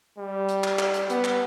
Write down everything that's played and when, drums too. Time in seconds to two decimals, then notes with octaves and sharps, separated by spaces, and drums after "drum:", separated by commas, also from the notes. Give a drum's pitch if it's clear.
0.18 G3
0.49 drum: hi-hat
0.64 drum: clap
0.79 drum: clap
0.94 drum: hi-hat
1.10 B3, drum: hi-hat
1.24 drum: clap